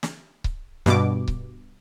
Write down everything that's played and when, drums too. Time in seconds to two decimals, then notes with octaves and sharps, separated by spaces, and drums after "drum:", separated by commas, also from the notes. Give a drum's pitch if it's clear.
0.03 drum: snare
0.44 drum: kick C#1
0.86 G2 B2 D6, drum: snare
1.28 drum: kick C#1